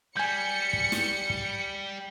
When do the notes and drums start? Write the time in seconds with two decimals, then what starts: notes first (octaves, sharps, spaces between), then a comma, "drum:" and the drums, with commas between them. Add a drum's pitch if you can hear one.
0.17 G3 G#5 G6 C#7
0.73 drum: kick
0.92 drum: snare
1.30 drum: kick